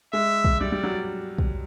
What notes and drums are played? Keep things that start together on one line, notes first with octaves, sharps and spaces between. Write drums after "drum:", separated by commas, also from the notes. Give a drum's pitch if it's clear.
G#3 E5
drum: kick
G3 D5
G3
F#3
drum: kick